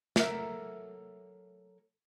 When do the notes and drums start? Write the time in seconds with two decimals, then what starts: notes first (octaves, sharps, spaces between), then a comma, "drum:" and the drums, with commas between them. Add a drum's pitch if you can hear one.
0.16 F#3 A4 A#4 E5, drum: snare